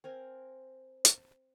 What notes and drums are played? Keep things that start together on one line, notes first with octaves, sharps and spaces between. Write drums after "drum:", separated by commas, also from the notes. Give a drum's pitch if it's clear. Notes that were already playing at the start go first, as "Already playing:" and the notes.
C4 A#4 G#5
drum: hi-hat